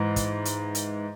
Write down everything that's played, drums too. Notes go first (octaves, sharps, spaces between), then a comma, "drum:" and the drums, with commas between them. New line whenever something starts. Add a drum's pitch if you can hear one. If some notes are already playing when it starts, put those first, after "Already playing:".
Already playing: G#2 E3
drum: kick, hi-hat
drum: hi-hat
drum: hi-hat